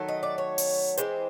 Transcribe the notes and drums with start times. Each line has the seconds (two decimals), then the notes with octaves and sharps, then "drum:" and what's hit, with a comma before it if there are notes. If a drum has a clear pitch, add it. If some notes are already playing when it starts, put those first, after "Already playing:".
Already playing: D#3 F#3 A3
0.08 D#5
0.23 D5
0.38 C#5
0.58 drum: open hi-hat
0.97 E3 G#3 C4 C5, drum: hi-hat